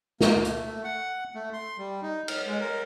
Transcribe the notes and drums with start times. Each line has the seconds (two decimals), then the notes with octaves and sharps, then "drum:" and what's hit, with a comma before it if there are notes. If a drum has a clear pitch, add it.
0.21 A#3, drum: snare
0.45 A3, drum: hi-hat
0.65 A3
0.84 F#5
1.35 A3
1.53 C6
1.78 G3
2.02 D#4
2.28 F6, drum: cymbal
2.47 G#3
2.61 A#4